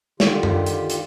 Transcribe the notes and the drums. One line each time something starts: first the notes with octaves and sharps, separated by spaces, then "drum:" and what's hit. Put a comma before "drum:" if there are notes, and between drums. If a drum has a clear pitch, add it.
D3 D#3 F4 G4, drum: snare
drum: tom F#2
drum: hi-hat
drum: hi-hat